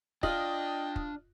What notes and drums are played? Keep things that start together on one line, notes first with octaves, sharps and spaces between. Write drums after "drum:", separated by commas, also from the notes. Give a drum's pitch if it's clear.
D4 F4 D#5 G5 F#7, drum: kick
drum: kick